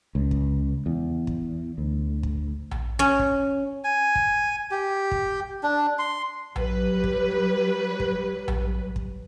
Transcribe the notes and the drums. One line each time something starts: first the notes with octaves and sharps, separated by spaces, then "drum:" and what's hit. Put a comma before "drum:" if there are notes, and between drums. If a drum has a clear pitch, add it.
C#2
drum: kick
E2
drum: kick
D2
drum: kick
drum: tom A#1
C#4
drum: kick
G#5
drum: kick
G4
drum: kick
D4
C6
F#3 G3 B4, drum: tom A#1
drum: kick
drum: kick
drum: tom A#1
drum: kick